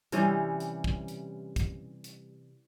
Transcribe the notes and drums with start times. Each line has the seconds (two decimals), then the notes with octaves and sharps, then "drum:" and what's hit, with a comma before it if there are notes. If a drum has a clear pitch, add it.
0.12 C3 E3 G3 C#4, drum: hi-hat
0.60 drum: hi-hat
0.84 drum: kick
1.08 drum: hi-hat
1.56 drum: kick, hi-hat
2.04 drum: hi-hat